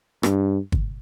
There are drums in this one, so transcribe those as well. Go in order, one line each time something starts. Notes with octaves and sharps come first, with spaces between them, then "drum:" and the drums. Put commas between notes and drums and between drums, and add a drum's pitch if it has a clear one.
G2, drum: rim click
drum: kick